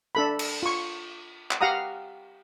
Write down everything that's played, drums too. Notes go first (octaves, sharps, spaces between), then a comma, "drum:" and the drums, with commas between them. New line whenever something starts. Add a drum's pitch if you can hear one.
D4 A4 B5
drum: cymbal
F4 C#6
drum: clap
G4 F5 F#5 A#5 D#6